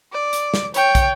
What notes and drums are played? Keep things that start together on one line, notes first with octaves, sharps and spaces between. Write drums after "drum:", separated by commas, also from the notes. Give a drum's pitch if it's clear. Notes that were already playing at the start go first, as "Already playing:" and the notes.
D5
drum: hi-hat
drum: snare
C#5 G5, drum: hi-hat
drum: kick, hi-hat